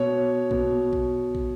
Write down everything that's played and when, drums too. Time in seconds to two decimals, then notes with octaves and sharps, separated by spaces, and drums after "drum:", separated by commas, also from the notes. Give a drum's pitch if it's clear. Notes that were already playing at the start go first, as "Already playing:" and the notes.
Already playing: B2 C#5
0.51 B2, drum: kick
0.93 drum: kick
1.35 drum: kick